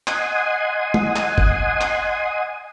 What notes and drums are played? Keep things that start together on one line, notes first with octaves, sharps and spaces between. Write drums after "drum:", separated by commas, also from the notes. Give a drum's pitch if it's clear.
D#5 F#5 G#5 C6 D#6, drum: clap
drum: tom
drum: clap
drum: kick G1
drum: clap